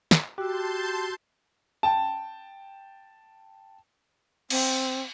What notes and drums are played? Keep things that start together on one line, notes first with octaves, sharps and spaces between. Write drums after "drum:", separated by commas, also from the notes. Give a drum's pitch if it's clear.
drum: snare
F#4 G4 A5 C6 E6 G6
G5 A5
C4, drum: cymbal